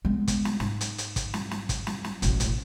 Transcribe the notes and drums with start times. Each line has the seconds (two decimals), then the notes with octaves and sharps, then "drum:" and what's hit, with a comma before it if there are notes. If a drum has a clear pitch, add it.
0.05 G#3 B3
0.28 drum: kick, hi-hat
0.45 drum: snare
0.60 G#2, drum: snare
0.81 drum: hi-hat
0.98 drum: hi-hat
1.16 drum: kick, hi-hat
1.34 drum: snare
1.51 drum: snare
1.69 drum: kick, hi-hat
1.87 drum: snare
2.04 drum: snare
2.22 E1 A1, drum: hi-hat
2.40 drum: hi-hat